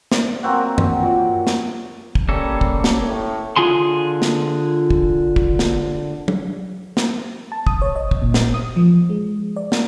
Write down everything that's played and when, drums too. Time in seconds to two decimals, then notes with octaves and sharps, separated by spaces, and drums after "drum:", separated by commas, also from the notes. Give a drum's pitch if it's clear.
0.12 D5, drum: snare
0.43 F#3 A#3 C4 F#4
0.78 drum: tom F#2
1.01 A#2 C#5 D5
1.47 drum: snare
2.15 drum: kick
2.29 G3 A#3 C#4 A4
2.61 drum: kick
2.84 drum: snare
3.05 A2
3.56 D3 F4 G#4 G#5 C6
4.22 drum: snare
4.90 drum: kick
5.36 drum: kick
5.59 drum: snare
6.28 drum: tom
6.97 drum: snare
7.52 A5
7.67 D#6, drum: kick
7.82 C#5
7.96 D#5
8.11 drum: kick
8.22 A#2
8.34 drum: snare
8.54 D#6
8.76 F3
9.09 G#3
9.56 D5
9.72 drum: snare